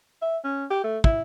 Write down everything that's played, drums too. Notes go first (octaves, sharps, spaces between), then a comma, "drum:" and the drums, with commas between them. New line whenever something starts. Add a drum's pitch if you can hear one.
E5
C#4
G4
A3
E4, drum: kick